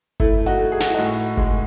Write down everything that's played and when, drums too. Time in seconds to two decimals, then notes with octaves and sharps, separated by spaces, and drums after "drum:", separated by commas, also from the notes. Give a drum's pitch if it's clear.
0.20 A3 E4, drum: kick G1
0.46 D#4 F#4
0.59 A3
0.72 G#4
0.80 F#4, drum: snare
0.87 E4
0.95 A2 D#4 F#4
1.37 G#3, drum: kick G1